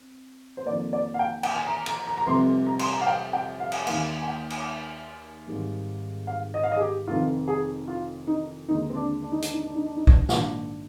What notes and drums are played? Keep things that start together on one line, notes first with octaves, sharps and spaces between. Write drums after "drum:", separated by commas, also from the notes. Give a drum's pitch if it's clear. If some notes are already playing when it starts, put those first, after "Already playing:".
Already playing: C4
C5
F2 D#3 A#3 D5
D5
F5
G5
G5, drum: cymbal
G#5
A#5
A#5, drum: cymbal
A#5
A#5
F1 F2 C3 G3 C4 C6
A#5
C6, drum: cymbal
A#5
F5
G5
G5
F5
drum: cymbal
D#2 D#3 A#3 F5, drum: cymbal
G#5
G5
drum: cymbal
G#1 G#2 G3
F5
D#5
F5
D#5
G#4
G4
F1 F2 D#3 F4
G#4
F4
D#4
D#2 D3 G#3 D#4
C4
D4
D4
D#4
D4, drum: hi-hat
D#4
D4
D#4
D4
D#4
D4, drum: kick
A#1 G#2 D#3 A#3 D4, drum: snare